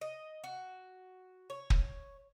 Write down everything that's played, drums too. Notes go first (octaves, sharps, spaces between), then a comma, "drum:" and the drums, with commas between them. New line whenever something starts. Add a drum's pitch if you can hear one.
D#5
F#4
C#5
drum: kick